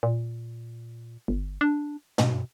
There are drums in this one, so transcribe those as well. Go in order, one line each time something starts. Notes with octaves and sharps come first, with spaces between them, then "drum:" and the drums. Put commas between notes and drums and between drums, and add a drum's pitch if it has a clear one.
A#2
G1
D4
B2, drum: tom